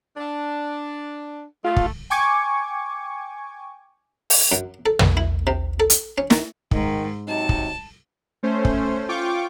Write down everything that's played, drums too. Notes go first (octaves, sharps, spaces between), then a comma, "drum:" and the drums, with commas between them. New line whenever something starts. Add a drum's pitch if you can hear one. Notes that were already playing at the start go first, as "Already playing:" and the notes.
D4
A3 F4
drum: kick
G5 G#5 C#6 D6 G#6 C#7
drum: open hi-hat
F#2
A4
drum: tom
E4
C3
A4
drum: hi-hat
C#4
D#3, drum: snare
G#2 D#3, drum: kick
C3 F#3 D#4 A5
drum: kick
A3 C#4 C5
drum: kick
F4 G5 C#6 D6